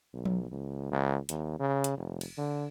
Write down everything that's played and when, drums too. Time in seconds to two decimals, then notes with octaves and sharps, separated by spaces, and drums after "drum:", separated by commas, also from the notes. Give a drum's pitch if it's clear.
0.13 B1
0.25 drum: tom F3
0.51 C#2
0.91 C#2
1.29 D#2, drum: hi-hat
1.60 C#3
1.84 drum: hi-hat
1.97 F1
2.21 drum: cymbal
2.38 D3